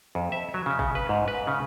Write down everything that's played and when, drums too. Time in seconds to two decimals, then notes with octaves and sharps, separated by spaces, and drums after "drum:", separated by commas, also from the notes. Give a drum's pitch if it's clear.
0.15 F2
0.32 E5
0.54 F#3
0.66 C#3
0.79 C#3, drum: kick
0.95 B4
1.09 G#2
1.28 B4
1.47 C#3